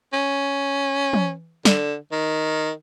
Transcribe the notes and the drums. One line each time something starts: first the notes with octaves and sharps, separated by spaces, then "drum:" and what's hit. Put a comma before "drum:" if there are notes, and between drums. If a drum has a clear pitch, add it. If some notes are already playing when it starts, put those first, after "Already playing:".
C#4
drum: tom
D3, drum: snare
D#3